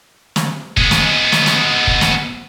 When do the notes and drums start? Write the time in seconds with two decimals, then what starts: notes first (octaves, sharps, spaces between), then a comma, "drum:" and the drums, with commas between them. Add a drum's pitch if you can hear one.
0.36 drum: snare
0.77 G#3 B3, drum: kick
0.91 drum: snare
1.32 drum: snare
1.46 drum: snare
1.87 drum: kick
2.01 drum: snare